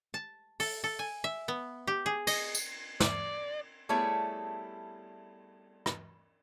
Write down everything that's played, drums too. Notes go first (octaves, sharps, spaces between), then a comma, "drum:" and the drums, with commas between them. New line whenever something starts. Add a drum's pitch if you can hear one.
A5
A4, drum: open hi-hat
A4
G#5
E5
B3
G4
G#4
D#5, drum: cymbal
drum: tambourine
D5, drum: snare
G3 A3 B3 E4 G#4 C#5
drum: rim click